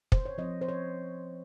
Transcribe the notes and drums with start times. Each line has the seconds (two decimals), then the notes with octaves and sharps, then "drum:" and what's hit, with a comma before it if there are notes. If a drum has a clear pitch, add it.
0.12 C5, drum: kick
0.25 C#5
0.38 F3 C4 D#5
0.61 C5
0.68 C#5